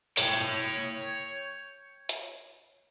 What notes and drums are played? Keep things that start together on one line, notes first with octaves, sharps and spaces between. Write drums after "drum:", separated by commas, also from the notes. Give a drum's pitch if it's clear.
C#5 G5, drum: open hi-hat
drum: hi-hat